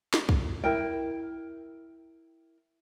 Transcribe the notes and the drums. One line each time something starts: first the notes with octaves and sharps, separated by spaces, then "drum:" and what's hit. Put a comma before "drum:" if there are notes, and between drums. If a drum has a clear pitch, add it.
drum: snare
drum: kick
E4 A#4 G5